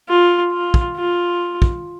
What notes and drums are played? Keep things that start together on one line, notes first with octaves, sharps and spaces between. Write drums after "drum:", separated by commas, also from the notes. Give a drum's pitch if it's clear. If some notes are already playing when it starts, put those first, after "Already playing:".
F4
F4
drum: kick
F4
drum: kick